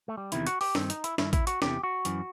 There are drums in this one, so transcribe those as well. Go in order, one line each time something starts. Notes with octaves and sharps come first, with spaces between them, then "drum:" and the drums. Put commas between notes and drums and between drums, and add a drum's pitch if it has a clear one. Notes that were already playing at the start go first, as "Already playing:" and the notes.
A3
G3
E2 C3 D#3 E4, drum: hi-hat
F#4, drum: hi-hat
G4, drum: open hi-hat
G2 D#3 C4, drum: snare
D#4, drum: hi-hat
E4, drum: hi-hat
G2 D#3 E4, drum: snare
E4, drum: kick A1, hi-hat
F#4, drum: hi-hat
E2 C3 E3 G4, drum: snare
F#4
F#2 E3, drum: hi-hat